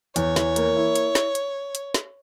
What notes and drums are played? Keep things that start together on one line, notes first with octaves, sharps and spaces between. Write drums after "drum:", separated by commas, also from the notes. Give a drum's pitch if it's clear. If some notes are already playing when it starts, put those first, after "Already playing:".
E2 C#5, drum: hi-hat
E3, drum: snare
A#3, drum: hi-hat
E4
drum: hi-hat
drum: snare
drum: hi-hat
drum: hi-hat
drum: snare